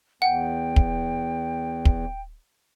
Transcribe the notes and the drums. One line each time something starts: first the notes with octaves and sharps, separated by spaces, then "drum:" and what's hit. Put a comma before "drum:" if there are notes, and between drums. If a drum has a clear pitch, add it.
E2 F#5 G5
drum: kick
drum: kick